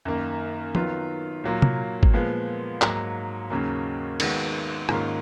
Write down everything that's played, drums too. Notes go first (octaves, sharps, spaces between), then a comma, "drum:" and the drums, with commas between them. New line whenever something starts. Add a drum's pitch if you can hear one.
F#2 D#3 A#3
D#3 F#3 B3 F4, drum: tom
A#2 F#3 A#3 F4
drum: tom
drum: kick G#1
A#2 F3 G#3 B3
G#2 F#3 A#3, drum: clap
D#2 C#3 F#3 A#3
D#3 G#3 B3 F#4, drum: cymbal
G#2 D#3 A#3 C#4 F4, drum: rim click